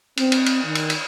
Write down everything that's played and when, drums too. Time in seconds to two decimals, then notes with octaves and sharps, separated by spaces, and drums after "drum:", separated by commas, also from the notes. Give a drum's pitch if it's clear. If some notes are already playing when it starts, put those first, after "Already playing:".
0.17 C4, drum: cymbal
0.32 drum: cymbal
0.46 drum: cymbal
0.64 D#3
0.75 drum: cymbal
0.90 drum: cymbal